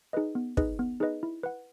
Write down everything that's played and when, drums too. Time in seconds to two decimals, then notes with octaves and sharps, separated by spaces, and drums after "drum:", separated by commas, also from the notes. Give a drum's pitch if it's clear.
0.13 D#4 G#4 B4 D#5
0.35 B3
0.57 D#4 G#4 B4 D#5, drum: kick
0.79 B3
1.00 D#4 G#4 B4 D#5
1.23 E4
1.43 B4 F#5